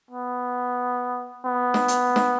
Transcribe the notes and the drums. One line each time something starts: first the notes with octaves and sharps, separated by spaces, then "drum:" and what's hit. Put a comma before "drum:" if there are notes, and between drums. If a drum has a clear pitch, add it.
B3
B3
drum: snare
drum: hi-hat
drum: snare